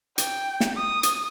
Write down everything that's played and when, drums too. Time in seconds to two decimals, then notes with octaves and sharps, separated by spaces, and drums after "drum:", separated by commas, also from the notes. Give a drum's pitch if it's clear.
0.18 G5, drum: hi-hat
0.60 drum: snare
0.77 D#6
1.03 drum: hi-hat